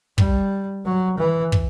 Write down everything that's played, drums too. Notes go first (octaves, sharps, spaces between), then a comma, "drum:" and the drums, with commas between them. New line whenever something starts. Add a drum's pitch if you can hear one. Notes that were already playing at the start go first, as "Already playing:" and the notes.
G3, drum: kick
F#3
E3
drum: kick